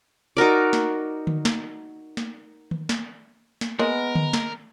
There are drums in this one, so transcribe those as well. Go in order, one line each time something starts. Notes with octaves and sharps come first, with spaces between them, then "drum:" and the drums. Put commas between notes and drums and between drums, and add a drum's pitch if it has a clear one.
D#4 F#4 A#4 D5
drum: snare
drum: tom D3
drum: snare
drum: snare
drum: tom D#3
drum: snare
drum: snare
G#3 A#3 B3 A#4
drum: tom D3
drum: snare